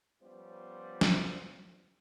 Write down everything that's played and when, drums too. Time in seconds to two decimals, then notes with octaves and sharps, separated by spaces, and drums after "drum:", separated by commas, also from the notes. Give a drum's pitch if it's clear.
0.22 F3 G3 B3 C#4 F4 C5
1.01 drum: snare